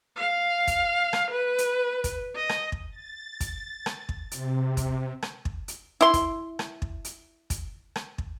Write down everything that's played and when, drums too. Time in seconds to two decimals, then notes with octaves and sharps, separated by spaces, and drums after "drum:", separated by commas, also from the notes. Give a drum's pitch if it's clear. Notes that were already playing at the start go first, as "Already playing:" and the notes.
0.16 F5
0.67 drum: kick, hi-hat
1.13 drum: rim click
1.31 B4
1.58 drum: hi-hat
2.04 drum: kick, hi-hat
2.35 D#5
2.49 drum: rim click
2.72 drum: kick
2.91 A6
3.40 drum: kick, hi-hat
3.86 drum: rim click
4.09 drum: kick
4.31 C3, drum: hi-hat
4.77 drum: kick, hi-hat
5.23 drum: rim click
5.45 drum: kick
5.68 drum: hi-hat
6.01 E4 C6
6.14 drum: kick, hi-hat
6.59 drum: rim click
6.82 drum: kick
7.05 drum: hi-hat
7.50 drum: kick, hi-hat
7.96 drum: rim click
8.18 drum: kick